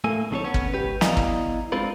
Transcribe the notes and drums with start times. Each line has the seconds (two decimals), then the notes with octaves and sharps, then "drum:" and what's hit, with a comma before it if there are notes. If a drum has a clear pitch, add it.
0.04 A2 A3 A#3 A4 G#5
0.31 B1 D#3 C4 G#4 A4 C#5
0.44 B3 C#4
0.54 drum: kick
0.74 G#2 G4 B4
1.01 B3 E4 D5 D#5 F5 A#5, drum: snare
1.17 drum: kick
1.72 G#3 C4 D4 F4 A#4 B4